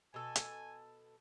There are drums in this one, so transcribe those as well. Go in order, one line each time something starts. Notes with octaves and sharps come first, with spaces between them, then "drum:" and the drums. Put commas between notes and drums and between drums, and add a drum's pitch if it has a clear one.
B2 A4 G#5
drum: hi-hat